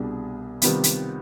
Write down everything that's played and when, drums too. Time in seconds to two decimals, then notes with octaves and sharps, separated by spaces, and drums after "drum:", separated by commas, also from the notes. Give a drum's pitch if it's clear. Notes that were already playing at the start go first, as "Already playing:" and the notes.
Already playing: C2 B2 G3 D4 G#4
0.62 C3 D#3 G3 B3 F4, drum: hi-hat
0.84 drum: hi-hat